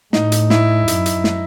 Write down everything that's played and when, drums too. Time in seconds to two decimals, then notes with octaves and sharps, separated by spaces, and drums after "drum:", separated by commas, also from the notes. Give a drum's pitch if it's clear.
0.13 A2 D#4, drum: snare
0.32 drum: hi-hat
0.50 E4, drum: snare
0.88 F#2, drum: hi-hat
1.06 drum: hi-hat
1.24 drum: snare